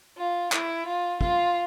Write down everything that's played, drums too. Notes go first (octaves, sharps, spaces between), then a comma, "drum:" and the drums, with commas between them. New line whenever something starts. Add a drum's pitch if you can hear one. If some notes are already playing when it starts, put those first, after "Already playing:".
F4
E4, drum: clap
F4
F4, drum: kick